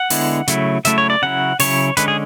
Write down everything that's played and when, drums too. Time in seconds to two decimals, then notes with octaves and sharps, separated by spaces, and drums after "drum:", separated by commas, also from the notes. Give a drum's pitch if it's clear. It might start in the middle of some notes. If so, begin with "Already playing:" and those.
Already playing: F#5
0.10 D3 G#3 B3 E4, drum: open hi-hat
0.48 C#3 F#3 A3 E4, drum: hi-hat
0.85 C#3 F#3 A3 E4 E5, drum: hi-hat
0.98 C#5
1.10 D5
1.22 C#3 F#3 C#4 E4 F#5
1.60 C#3 F#3 C#4 E4 C#5, drum: open hi-hat
1.97 D3 G#3 C#4 B4, drum: hi-hat
2.08 G#4